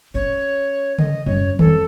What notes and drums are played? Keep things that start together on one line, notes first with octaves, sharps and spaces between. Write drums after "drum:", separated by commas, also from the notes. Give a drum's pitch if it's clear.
C#4 C#5
D#5, drum: tom C#3
F#2 G3 C#5
F2 A4, drum: tom D#3